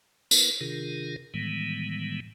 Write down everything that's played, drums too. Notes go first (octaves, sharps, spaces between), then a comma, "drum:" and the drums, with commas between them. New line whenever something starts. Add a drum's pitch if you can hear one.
B3 E4 A#4 B4, drum: tambourine
C3 D#3 D4 F4 G#4 A#4
A2 D#3 E3 G3 G#3 B3